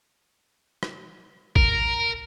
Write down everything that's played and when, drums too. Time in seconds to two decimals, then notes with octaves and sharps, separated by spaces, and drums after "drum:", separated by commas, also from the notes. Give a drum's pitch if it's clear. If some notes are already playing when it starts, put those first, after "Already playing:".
0.83 drum: rim click
1.56 A#4, drum: kick A1